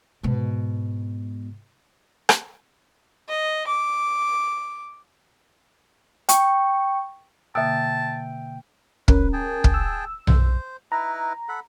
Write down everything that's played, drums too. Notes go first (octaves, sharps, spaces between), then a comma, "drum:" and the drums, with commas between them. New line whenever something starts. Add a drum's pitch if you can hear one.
G#2 B2
drum: rim click
D#5
D6
G5 C#6, drum: hi-hat
B2 D3 A#3 E5 G5 A5 E6
C#4 A#4 B4, drum: kick
G#4 G5 A5
drum: kick
E6
C5, drum: tom B1
D#4 E4 B4 A#5
A4 F#5 B5